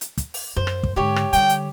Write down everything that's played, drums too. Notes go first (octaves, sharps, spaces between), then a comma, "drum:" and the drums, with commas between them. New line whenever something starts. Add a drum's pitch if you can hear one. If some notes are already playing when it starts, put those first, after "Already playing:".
drum: hi-hat
drum: kick, hi-hat
drum: open hi-hat
F#2 C5
drum: rim click
drum: kick
G#2 D3 G4 C#5
drum: rim click
D3 G3 G5, drum: hi-hat
drum: hi-hat